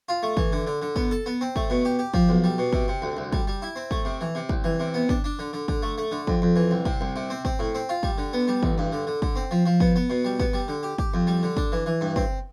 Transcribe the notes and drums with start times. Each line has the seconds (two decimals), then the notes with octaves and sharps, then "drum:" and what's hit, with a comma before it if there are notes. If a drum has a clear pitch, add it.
0.09 F4
0.23 A3
0.37 E3, drum: kick
0.53 D3
0.67 D3
0.82 D3
0.96 B3, drum: kick
1.11 A4
1.26 B3
1.41 C4
1.56 A3, drum: kick
1.70 B2
1.85 G4
1.99 G4
2.14 F3, drum: kick
2.29 B1
2.44 G3
2.58 B2
2.73 C3, drum: kick
2.88 C3
3.02 D2
3.17 C2
3.33 G3, drum: kick
3.47 G3
3.62 E4
3.76 C4
3.91 A3, drum: kick
4.05 C3
4.21 E3
4.35 C3
4.49 C2, drum: kick
4.64 E3
4.80 C3
4.94 B3
5.09 D4, drum: kick
5.24 D4
5.39 D3
5.53 D3
5.68 D3, drum: kick
5.82 A3
5.98 A3
6.11 D3
6.27 F2, drum: kick
6.42 F2
6.56 E3
6.71 C2
6.85 C3, drum: kick
7.01 C2
7.16 C3
7.30 C4
7.45 C4, drum: kick
7.59 A2
7.75 C4
7.89 F4
8.03 G3, drum: kick
8.18 D3
8.33 B3
8.48 G3
8.63 A1, drum: kick
8.78 G2
8.92 D3
9.07 D3
9.22 D3, drum: kick
9.36 C4
9.51 F3
9.66 F3
9.80 B3, drum: kick
9.96 B3
10.10 B2
10.25 G3
10.40 B3, drum: kick
10.53 G3
10.68 D3
10.83 G4
10.98 G4, drum: kick
11.14 F2
11.27 G3
11.43 D3
11.57 D4, drum: kick
11.72 E3
11.86 E3
12.01 G2
12.16 C4, drum: kick